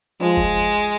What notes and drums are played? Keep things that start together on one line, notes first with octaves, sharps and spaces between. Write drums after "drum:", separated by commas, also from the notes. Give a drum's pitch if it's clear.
F3 G#3
drum: kick F#1